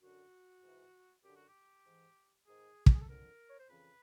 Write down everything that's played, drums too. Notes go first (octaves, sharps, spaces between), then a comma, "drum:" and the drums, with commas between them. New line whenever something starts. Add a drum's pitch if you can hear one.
F#2 D3 F#4
G#2 E3
F#2 D3 G4
F#4
G4
G#2 E3
G#2 D#3 G#4
G4, drum: kick
G#4
A4
F2 D3 A#4
C#5
C5
F2 C#3 E3 B4